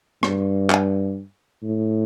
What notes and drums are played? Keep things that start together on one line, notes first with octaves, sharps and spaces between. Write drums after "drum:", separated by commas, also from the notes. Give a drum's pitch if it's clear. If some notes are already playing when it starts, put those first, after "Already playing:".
G2, drum: rim click
drum: clap
A2